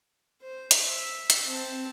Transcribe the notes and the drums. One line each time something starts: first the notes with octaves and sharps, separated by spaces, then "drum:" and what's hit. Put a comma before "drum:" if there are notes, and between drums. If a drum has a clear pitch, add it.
C5
drum: hi-hat
E5
drum: hi-hat
C4 A5